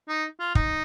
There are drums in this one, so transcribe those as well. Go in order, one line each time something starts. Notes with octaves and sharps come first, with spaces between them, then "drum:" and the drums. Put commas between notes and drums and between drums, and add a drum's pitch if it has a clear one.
D#4
F4
D#4, drum: kick